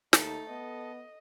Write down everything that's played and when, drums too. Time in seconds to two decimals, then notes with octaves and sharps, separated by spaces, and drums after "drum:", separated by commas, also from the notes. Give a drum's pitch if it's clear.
0.13 D#2 A3 D#4 A4, drum: snare
0.50 B3 D#5